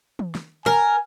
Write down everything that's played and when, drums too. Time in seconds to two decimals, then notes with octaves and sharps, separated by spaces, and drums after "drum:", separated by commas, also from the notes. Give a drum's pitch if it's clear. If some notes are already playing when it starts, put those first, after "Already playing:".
0.19 drum: tom
0.35 drum: snare
0.66 A#4 G#5, drum: snare